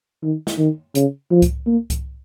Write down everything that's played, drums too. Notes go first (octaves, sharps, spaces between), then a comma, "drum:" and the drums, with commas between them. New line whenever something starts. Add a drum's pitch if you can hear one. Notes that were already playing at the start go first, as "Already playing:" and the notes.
D#3
drum: snare
D#3
C#3, drum: hi-hat
F3
drum: kick C2, hi-hat
A#3
drum: kick C2, hi-hat